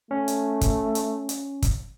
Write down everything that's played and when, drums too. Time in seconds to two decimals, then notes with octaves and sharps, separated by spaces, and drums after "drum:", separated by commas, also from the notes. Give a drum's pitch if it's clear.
0.11 A3 C#4
0.28 drum: hi-hat
0.61 drum: kick, hi-hat
0.95 drum: hi-hat
1.29 drum: hi-hat
1.63 drum: kick, hi-hat